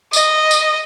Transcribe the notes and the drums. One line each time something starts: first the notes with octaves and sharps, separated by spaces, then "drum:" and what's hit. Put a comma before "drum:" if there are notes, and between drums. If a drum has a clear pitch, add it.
D#5, drum: tambourine
drum: tambourine